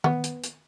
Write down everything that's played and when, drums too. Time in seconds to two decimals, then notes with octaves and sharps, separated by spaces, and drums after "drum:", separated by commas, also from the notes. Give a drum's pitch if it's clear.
0.04 B3, drum: tom D#3
0.24 drum: hi-hat
0.44 drum: hi-hat